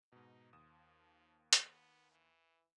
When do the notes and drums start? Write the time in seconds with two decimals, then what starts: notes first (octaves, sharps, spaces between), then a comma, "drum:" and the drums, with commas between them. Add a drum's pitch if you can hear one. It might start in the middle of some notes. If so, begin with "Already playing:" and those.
0.12 G#2 B2 D#4
0.53 D#2 F3 D#6 E7
1.53 B3, drum: hi-hat
2.12 E3